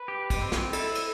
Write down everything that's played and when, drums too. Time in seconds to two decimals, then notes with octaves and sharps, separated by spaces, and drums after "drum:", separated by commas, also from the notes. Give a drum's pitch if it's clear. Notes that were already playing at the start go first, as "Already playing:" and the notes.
Already playing: B4
0.08 G4
0.30 drum: kick, cymbal
0.42 C4
0.52 drum: snare
0.73 E4 A4, drum: cymbal
0.95 drum: cymbal